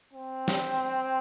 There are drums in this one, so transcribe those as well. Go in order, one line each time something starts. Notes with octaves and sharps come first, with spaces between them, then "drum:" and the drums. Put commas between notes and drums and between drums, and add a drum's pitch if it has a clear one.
C4
drum: snare